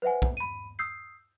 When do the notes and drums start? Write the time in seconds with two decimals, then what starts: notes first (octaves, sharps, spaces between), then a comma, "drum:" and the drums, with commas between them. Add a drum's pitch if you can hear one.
0.02 B4 C5 E5 F#5 G#5
0.22 drum: kick
0.37 B5 D#7
0.79 D#6 E6 G6 C7